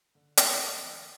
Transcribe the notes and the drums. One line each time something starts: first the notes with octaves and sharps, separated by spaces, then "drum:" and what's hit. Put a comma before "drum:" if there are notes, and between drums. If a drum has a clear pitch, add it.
D3
D#2 E4, drum: hi-hat
F1
D#3